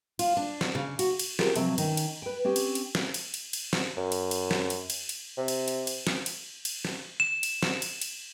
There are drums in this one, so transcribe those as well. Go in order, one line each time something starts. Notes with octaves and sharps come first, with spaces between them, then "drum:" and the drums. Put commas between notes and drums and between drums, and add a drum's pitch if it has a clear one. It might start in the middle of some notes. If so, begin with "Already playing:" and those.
F4, drum: cymbal
D4
drum: snare
C#3
F#4, drum: cymbal
drum: cymbal
F4 G4 G#4 A#4 C5 G5, drum: snare
C3 F3 F#3 C4, drum: cymbal
D#3 C#4, drum: cymbal
drum: cymbal
B4 G5
C4 C#4 G4
drum: cymbal
drum: cymbal
drum: snare
drum: cymbal
drum: cymbal
drum: cymbal
drum: snare
F#2
drum: cymbal
drum: cymbal
drum: snare
drum: cymbal
drum: cymbal
drum: cymbal
C3
drum: cymbal
drum: cymbal
drum: cymbal
drum: snare
drum: cymbal
drum: cymbal
drum: snare
E7
drum: cymbal
drum: snare
drum: cymbal
drum: cymbal